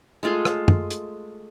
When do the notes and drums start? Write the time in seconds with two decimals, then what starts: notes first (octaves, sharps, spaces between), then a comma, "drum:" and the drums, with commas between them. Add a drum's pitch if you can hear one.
0.23 G#3 A3 F4 G#4
0.45 drum: rim click
0.68 drum: tom
0.90 drum: hi-hat